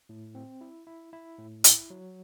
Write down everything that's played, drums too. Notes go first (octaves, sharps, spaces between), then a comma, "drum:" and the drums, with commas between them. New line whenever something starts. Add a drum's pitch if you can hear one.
A2
C4
E4
E4
E4
A2
E4, drum: hi-hat
F#3